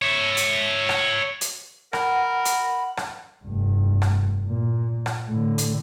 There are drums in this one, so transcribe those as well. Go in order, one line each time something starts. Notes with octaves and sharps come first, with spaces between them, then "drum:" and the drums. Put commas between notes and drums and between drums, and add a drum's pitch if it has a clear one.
C#5 E5
drum: hi-hat
drum: rim click
drum: hi-hat
A#4 F#5 B5, drum: rim click
drum: hi-hat
drum: rim click
F1 G2
drum: rim click
A#2
drum: rim click
A2 D3
drum: hi-hat